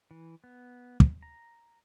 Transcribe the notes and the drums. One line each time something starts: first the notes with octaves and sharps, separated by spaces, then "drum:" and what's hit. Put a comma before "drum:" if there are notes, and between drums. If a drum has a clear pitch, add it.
E3
B3
drum: kick
A#5